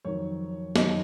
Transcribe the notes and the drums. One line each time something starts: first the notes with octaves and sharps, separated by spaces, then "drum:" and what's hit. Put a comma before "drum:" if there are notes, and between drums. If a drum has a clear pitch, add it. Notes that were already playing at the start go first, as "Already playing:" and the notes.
F2 D#3 F#3 C#5
F#2 D#3 F#3 D#5, drum: snare